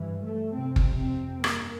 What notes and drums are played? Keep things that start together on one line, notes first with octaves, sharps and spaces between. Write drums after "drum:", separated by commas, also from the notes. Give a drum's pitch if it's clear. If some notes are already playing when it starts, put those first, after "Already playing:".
Already playing: G2 E3
A3
F2 C3 C4
drum: kick
C4
G2 A#3, drum: rim click